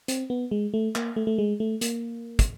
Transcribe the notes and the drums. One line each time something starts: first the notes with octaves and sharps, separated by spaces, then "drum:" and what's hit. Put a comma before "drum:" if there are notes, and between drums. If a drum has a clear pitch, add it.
C4, drum: hi-hat
B3
G#3
A3
A#3, drum: clap
A3
A3
G#3
A3
A#3, drum: hi-hat
drum: kick, hi-hat